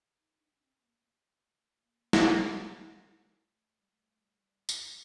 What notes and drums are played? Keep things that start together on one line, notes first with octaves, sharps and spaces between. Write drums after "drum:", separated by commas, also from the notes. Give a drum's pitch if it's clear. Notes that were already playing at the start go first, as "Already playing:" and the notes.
D#4
D4
C4
A#3
A3
A#3
drum: snare
A3
G3
A3
A#3
A3
G3
A3
A3
G3
drum: tambourine